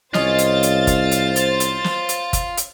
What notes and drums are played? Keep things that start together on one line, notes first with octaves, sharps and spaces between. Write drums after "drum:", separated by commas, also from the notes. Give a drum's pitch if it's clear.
C2 C#4 F4 C5 D#5 A6, drum: snare
drum: hi-hat
drum: hi-hat
drum: kick G1, hi-hat
drum: hi-hat
drum: hi-hat
drum: hi-hat
drum: snare
drum: hi-hat
drum: kick G1, hi-hat
drum: hi-hat